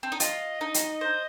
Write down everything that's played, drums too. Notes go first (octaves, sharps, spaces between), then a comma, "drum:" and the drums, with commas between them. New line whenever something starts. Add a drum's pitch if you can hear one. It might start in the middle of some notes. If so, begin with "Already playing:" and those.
C4
D#4
F4 D#5, drum: hi-hat
D#4
drum: hi-hat
C5